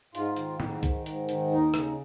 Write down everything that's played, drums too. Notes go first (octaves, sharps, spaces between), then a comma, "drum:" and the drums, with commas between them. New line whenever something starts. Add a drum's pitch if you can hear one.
G#2 F4, drum: hi-hat
D#3, drum: hi-hat
G#2, drum: tom A2
D#3, drum: kick B1, hi-hat
G#2, drum: hi-hat
D#3, drum: hi-hat
D#2 D#4
C#3, drum: rim click